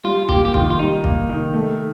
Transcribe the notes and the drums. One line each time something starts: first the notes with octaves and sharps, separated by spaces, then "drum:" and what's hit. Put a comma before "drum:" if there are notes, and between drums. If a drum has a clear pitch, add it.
G3 F4
A#3 G4, drum: kick
G4
D#3 F4, drum: kick
F4
G3 D#4
A#3, drum: kick
D#3
A3